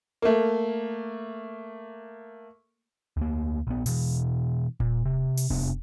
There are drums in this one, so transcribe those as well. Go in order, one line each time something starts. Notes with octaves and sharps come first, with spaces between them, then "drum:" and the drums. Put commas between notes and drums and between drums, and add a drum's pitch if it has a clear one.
A3 A#3
D2 A#3
A#1 B3
B2 E3, drum: open hi-hat
A#2, drum: kick D#1
C3
drum: open hi-hat
F2 C3 B3 D4, drum: kick D#1